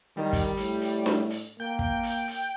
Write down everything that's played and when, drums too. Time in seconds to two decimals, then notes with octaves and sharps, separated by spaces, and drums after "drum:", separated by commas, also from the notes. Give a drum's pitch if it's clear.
0.17 D#3 G3
0.33 drum: kick, hi-hat
0.57 A2, drum: hi-hat
0.81 drum: hi-hat
1.06 drum: snare D4
1.30 drum: hi-hat
1.60 A#3 G5
1.79 drum: kick
2.03 drum: hi-hat
2.28 drum: hi-hat